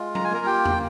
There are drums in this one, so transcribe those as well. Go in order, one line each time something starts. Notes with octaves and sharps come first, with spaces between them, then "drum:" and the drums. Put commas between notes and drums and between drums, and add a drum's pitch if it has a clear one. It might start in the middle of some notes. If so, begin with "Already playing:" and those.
Already playing: G#3 F4
A#5, drum: tom F#3
G#5
A#3 A#4 A#5
G4 G5
drum: tom E2